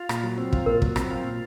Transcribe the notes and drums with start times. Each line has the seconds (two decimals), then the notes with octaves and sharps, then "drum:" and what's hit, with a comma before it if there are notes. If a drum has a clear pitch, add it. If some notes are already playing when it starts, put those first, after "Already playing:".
Already playing: F4
0.09 A#2, drum: rim click
0.23 F#3
0.38 C4
0.53 F4, drum: kick
0.66 A#2 A#4
0.82 F#3, drum: kick
0.96 C4, drum: rim click
1.11 F4
1.24 A#2